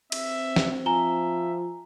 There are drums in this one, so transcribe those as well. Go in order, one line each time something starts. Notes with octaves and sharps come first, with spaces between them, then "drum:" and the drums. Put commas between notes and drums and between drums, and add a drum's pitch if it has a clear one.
C4 E5, drum: cymbal
drum: snare
F3 E5 G#5 A#5 G7